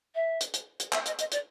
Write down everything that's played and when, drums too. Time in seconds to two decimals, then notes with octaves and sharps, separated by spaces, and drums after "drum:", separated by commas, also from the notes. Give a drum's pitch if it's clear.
0.15 E5
0.41 drum: hi-hat
0.54 drum: hi-hat
0.80 drum: hi-hat
0.93 E5, drum: clap
1.06 D#5, drum: hi-hat
1.19 D#5, drum: hi-hat
1.32 D5, drum: hi-hat